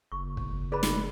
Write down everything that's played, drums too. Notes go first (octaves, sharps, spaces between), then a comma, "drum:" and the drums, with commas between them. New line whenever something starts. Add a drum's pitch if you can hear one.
F#1 C#6
drum: kick
G#4 B4 D5 B5
drum: snare